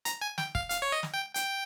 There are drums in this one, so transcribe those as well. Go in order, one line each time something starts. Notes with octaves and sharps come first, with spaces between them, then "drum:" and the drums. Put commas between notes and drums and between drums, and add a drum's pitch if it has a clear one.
A#5, drum: hi-hat
G#5
G5, drum: snare
F5, drum: kick
F5, drum: hi-hat
C#5
D#5
drum: snare
G5
G5, drum: hi-hat